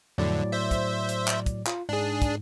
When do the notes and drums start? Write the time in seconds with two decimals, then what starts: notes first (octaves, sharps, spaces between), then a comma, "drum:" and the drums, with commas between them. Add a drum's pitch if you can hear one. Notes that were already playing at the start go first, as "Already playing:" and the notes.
0.18 F2 A2 D3 F#3 D5
0.52 C5 E5
0.71 drum: kick, hi-hat
1.09 drum: hi-hat
1.28 drum: clap
1.46 drum: kick, hi-hat
1.67 F4, drum: clap
1.89 G#2 D4 G#4
2.22 drum: kick, hi-hat